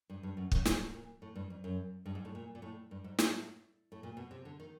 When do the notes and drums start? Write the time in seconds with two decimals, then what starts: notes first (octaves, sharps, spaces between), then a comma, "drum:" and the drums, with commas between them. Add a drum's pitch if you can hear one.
0.10 G2
0.23 G2
0.37 F#2
0.52 F#2, drum: kick
0.65 G#2, drum: snare
0.79 A2
0.94 A#2
1.22 A2
1.35 G2
1.50 F2
1.64 F#2
2.06 G2
2.15 G#2
2.25 A2
2.35 A#2
2.55 A#2
2.62 A2
2.91 G2
3.04 G#2
3.19 A2, drum: snare
3.92 A2
4.03 A#2
4.17 B2
4.31 C3
4.45 D3
4.60 D#3